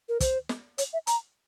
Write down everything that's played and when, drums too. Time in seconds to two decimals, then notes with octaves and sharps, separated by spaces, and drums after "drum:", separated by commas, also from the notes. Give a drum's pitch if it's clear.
0.09 A#4
0.20 C5, drum: kick, hi-hat
0.49 drum: snare
0.78 C#5, drum: hi-hat
0.93 E5
1.07 A#5, drum: hi-hat